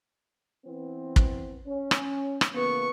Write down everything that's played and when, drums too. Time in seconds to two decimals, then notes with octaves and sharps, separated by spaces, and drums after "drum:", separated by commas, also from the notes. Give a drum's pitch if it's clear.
0.66 E3 B3 C4
1.16 drum: kick
1.68 C#4
1.91 drum: rim click
2.41 drum: rim click
2.53 C#3 E3 A#3 B3 C#6